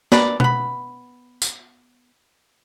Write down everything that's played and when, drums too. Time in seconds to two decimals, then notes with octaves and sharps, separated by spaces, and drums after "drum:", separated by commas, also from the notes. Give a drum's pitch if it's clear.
0.12 D4 A#4 B4 D5, drum: snare
0.40 B3 B5, drum: tom B2
1.42 drum: tambourine